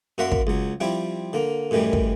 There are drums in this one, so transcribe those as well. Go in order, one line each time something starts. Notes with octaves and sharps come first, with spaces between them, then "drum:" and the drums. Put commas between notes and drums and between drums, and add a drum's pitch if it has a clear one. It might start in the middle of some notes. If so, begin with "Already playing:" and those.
F#2 A#3 F#4 E5 F#5 C6
drum: kick
C#2 F#3
F3 G3 C4 E4
D3 A#3
F#2 A2 D#3 E3 G3
drum: kick